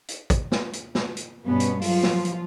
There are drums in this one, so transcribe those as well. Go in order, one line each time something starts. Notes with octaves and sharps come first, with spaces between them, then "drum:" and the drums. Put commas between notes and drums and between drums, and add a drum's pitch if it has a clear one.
drum: hi-hat
drum: kick, hi-hat
drum: snare
drum: hi-hat
drum: snare
drum: hi-hat
G2 B2 B3 C#4
drum: hi-hat
F3 F#3 F4, drum: open hi-hat
drum: snare
drum: hi-hat